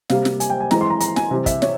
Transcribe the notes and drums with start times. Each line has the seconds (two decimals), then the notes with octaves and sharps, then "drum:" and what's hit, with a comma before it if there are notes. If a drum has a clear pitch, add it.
0.10 C3 G3 A#3 F5, drum: snare
0.25 drum: snare
0.40 G#5, drum: hi-hat
0.50 G5
0.60 G#5
0.71 E3 G#3 C4 A#5, drum: snare
0.81 C6
0.90 A#5
1.00 A#5, drum: hi-hat
1.16 G#5, drum: snare
1.31 C3 E3 G3
1.46 E5, drum: kick, hi-hat
1.62 C#5, drum: snare